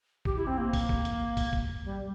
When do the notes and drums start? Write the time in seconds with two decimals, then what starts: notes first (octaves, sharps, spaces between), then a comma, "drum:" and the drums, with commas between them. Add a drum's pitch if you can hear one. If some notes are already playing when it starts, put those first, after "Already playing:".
0.25 G4, drum: kick
0.37 E4
0.47 C4
0.57 A#3
0.73 drum: kick, open hi-hat
0.89 drum: kick
1.05 drum: hi-hat
1.37 drum: kick, open hi-hat
1.53 drum: kick
1.85 G3